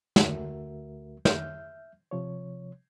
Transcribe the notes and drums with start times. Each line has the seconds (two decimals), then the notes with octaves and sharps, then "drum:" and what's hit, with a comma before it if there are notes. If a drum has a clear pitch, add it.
0.16 D2 D3 A3 F#4 A#4 E5, drum: snare
1.25 E5 F6 G6, drum: snare
2.11 C3 F3 C#5